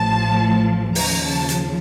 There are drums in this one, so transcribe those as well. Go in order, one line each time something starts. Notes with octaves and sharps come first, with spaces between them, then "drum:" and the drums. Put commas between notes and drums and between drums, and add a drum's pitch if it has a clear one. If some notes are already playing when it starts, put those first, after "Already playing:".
Already playing: A1 A2 F3 A5
D#2 C#3 F3 A#5, drum: open hi-hat
A5
drum: hi-hat